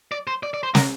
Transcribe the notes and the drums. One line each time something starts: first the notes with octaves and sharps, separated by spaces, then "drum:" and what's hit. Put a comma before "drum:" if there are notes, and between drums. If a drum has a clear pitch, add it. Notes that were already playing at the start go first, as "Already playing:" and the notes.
D5
C5
D5
D5
C5
A#4, drum: snare